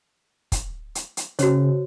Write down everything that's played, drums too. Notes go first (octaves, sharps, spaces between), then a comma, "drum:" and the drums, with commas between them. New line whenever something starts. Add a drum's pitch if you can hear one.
drum: kick, hi-hat
drum: hi-hat
drum: hi-hat
C#3 F#4 C5 C#5, drum: hi-hat